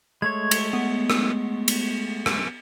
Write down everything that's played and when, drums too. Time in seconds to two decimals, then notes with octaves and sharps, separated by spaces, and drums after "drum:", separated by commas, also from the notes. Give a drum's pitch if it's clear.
0.22 G#3 A3 C#5 G#6
0.51 drum: cymbal
0.73 B3
1.10 drum: rim click
1.68 drum: cymbal
2.26 drum: rim click